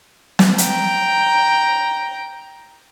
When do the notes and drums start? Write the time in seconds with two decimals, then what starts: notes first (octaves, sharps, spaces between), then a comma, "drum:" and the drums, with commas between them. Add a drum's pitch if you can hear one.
0.39 drum: snare
0.58 G5 A#5, drum: hi-hat